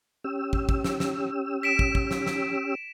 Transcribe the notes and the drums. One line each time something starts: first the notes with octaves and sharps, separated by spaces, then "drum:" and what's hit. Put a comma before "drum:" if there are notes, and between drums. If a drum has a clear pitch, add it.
C#4 G4 E6
drum: kick
drum: kick
drum: snare
drum: snare
B6 D7 E7
drum: kick
drum: kick
drum: snare
drum: snare